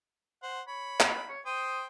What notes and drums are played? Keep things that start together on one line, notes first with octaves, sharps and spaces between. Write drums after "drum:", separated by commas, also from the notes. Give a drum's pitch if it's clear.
C5 F#5
C#5 B5
drum: clap
C#5
C5 G5 D#6